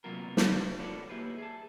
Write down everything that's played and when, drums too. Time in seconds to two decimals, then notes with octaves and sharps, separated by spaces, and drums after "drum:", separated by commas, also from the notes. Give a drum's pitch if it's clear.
0.04 C3 F#3 A#3 B3 F4 A#4
0.37 drum: snare
0.79 F4 F#4 A4 B4 C#5 D5
1.09 A#3 E4 G4 G#4 B4
1.38 G#4 A5